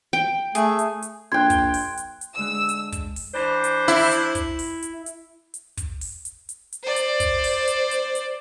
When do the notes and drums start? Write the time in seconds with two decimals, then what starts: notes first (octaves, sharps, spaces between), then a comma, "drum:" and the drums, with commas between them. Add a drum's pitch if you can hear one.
0.13 G5
0.55 A3 G#4, drum: hi-hat
0.79 drum: hi-hat
1.02 drum: hi-hat
1.32 A#1 G5 C6 F#6 G#6
1.50 drum: kick, hi-hat
1.74 drum: open hi-hat
1.97 drum: hi-hat
2.21 drum: hi-hat
2.36 D3 G#3 E6 F#6
2.69 drum: hi-hat
2.92 drum: kick, hi-hat
3.16 drum: open hi-hat
3.35 E3 D4 C5
3.64 drum: hi-hat
3.88 E4, drum: hi-hat
4.11 drum: hi-hat
4.35 drum: kick, hi-hat
4.59 drum: open hi-hat
4.82 drum: hi-hat
5.06 drum: hi-hat
5.54 drum: hi-hat
5.77 drum: kick, hi-hat
6.01 drum: open hi-hat
6.25 drum: hi-hat
6.49 drum: hi-hat
6.72 drum: hi-hat
6.83 C5 D5
6.96 drum: hi-hat
7.20 drum: kick, hi-hat
7.44 drum: open hi-hat
7.68 drum: hi-hat
7.91 drum: hi-hat
8.15 drum: hi-hat